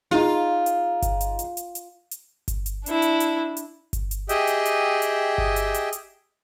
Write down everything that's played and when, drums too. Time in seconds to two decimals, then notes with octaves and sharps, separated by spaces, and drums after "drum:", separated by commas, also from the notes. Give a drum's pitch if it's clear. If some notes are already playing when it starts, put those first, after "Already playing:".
0.11 D#4 F4 G#4
0.66 drum: hi-hat
1.02 drum: kick G1, hi-hat
1.21 drum: hi-hat
1.39 drum: hi-hat
1.57 drum: hi-hat
1.75 drum: hi-hat
2.11 drum: hi-hat
2.48 drum: kick G1, hi-hat
2.66 drum: hi-hat
2.86 D4 E4, drum: hi-hat
3.02 drum: hi-hat
3.20 drum: hi-hat
3.57 drum: hi-hat
3.93 drum: kick G1, hi-hat
4.11 drum: hi-hat
4.29 G4 G#4 D#5 E5 G5, drum: hi-hat
4.47 drum: hi-hat
4.65 drum: hi-hat
5.02 drum: hi-hat
5.38 drum: kick G1
5.56 drum: hi-hat
5.74 drum: hi-hat
5.93 drum: hi-hat